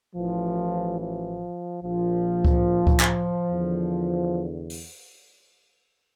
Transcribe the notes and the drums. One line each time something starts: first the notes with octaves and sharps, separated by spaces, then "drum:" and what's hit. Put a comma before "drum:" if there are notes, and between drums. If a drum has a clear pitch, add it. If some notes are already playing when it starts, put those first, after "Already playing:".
A1 A2 E3 F3
F3
A#1 A#2 F3
drum: kick C#2
drum: kick C#2
drum: clap
E2 D3
drum: open hi-hat